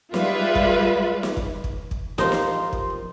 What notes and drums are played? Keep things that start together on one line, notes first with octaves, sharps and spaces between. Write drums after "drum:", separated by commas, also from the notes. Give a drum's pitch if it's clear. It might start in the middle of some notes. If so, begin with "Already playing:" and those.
G3 G#3 F4 B4 E5, drum: snare
drum: kick
drum: snare
drum: kick
drum: kick
drum: kick
F3 D#4 F4 G4 A4 A#4 C5 C6, drum: snare
drum: snare
drum: kick